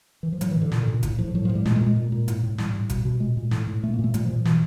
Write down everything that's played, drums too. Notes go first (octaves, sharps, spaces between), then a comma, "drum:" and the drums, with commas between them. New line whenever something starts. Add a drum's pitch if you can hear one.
E3
F3
A2 F#3, drum: hi-hat
E3
A2
D3
A#2, drum: snare
D3
A#2
A2, drum: kick, hi-hat
A2 F3
A2 F#3
A2 F3
G3
A#2 G#3, drum: snare
G#3
A#2
G#3
A#2
A#2
A2, drum: hi-hat
A2
A2 G3, drum: snare
A2
B2, drum: kick, hi-hat
B2
A#2 G#3
A#2
A2, drum: snare
A2
A#2 A3
A#3
A#2
A3
A#2 G3, drum: hi-hat
F3
A#2
F3
B2 E3, drum: snare